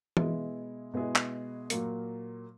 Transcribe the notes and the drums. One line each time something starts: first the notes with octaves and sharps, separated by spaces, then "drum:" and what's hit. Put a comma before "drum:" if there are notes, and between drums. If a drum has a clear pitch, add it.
B2 G#3 B3 E4 G#4, drum: tom E3
B2 G#3 B3 E4 G#4
drum: clap
A#2 F#3 A#3, drum: hi-hat